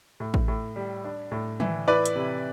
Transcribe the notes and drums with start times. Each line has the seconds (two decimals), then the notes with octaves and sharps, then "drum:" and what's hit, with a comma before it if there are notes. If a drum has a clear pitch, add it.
0.20 A2
0.34 drum: kick A1
0.48 A2
0.76 G3
1.04 D4
1.32 A2
1.60 E3, drum: tom
1.88 E4 B4 D5
2.06 drum: hi-hat
2.16 C3